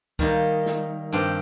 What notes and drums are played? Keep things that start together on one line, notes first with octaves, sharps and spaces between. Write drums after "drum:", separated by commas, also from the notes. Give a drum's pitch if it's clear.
D#3 G3 A#3 D#4, drum: kick C#2
drum: snare
G2 D#3 C4 G4